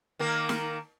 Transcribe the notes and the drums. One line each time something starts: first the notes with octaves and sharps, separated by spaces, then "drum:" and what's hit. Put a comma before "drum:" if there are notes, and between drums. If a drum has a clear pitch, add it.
D#3 A#3 A#4
drum: snare